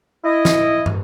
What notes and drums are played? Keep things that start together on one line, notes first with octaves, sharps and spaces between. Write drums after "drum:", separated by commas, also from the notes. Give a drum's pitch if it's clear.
E4 D#5
drum: snare
drum: tom